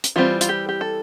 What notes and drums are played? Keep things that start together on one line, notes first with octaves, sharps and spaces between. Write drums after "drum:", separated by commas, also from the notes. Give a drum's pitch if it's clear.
drum: hi-hat
E3 G3 C4 F4
F4, drum: hi-hat
G4
G4
A4